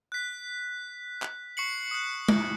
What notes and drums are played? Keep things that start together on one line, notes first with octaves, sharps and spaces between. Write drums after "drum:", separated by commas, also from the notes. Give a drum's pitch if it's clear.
F#6 B6
drum: clap
C#6 C7 C#7 F#7
D#6 F#6
drum: tom